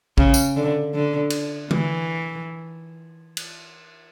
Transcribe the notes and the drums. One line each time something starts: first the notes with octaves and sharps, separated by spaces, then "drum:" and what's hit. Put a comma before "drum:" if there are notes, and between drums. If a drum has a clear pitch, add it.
C#3, drum: kick
drum: tambourine
D3
D3
drum: cymbal
E3, drum: tom
drum: cymbal